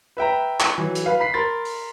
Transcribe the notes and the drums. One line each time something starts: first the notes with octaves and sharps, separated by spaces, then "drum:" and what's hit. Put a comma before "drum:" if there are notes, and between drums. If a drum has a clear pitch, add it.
B4 E5 G5 A#5
drum: clap
E3 F#3
drum: hi-hat
B4 F5
B5 B6 C7
A#4 B5 C6 A6
drum: open hi-hat